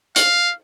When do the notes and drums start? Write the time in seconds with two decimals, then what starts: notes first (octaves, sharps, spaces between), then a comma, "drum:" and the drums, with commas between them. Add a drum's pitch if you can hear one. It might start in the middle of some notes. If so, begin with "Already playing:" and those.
0.16 F5, drum: hi-hat